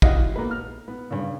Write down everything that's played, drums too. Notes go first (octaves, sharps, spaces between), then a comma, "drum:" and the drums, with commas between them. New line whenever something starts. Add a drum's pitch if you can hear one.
E4 F#4 G4 D#5 F5 F#5, drum: kick
A#3 B3 A4 B4
F6
B3
G2 C#3